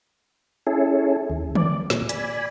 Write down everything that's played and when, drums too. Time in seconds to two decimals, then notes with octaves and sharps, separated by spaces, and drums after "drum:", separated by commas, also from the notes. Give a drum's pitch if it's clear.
0.67 C#4 E4 G#4 A4
1.30 D#2
1.55 D5, drum: tom D3
1.90 A#2, drum: snare
2.09 D5 G#5 B5, drum: hi-hat